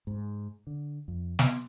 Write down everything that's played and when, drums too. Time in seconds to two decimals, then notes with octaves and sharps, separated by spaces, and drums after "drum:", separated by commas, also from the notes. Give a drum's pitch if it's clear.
0.07 G#2
0.67 D3
1.08 F2
1.39 B3, drum: snare